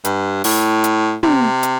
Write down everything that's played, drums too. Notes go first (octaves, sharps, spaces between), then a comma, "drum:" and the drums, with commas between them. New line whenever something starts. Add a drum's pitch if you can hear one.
G2, drum: hi-hat
A2, drum: open hi-hat
drum: hi-hat
C3, drum: tom
drum: hi-hat